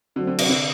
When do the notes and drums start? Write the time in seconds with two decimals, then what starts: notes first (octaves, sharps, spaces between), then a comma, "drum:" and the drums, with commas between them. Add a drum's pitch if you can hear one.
0.16 D3 F#3 A3 C4 F#4
0.27 D3
0.39 C3, drum: cymbal
0.50 D3